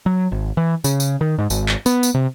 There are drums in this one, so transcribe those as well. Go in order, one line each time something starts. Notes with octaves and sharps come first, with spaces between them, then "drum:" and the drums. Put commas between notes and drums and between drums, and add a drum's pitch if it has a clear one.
F#3
G#1
E3
C#3, drum: tambourine
drum: tambourine
D#3
G#2
G#1, drum: tambourine
drum: clap
B3, drum: tambourine
drum: tambourine
C3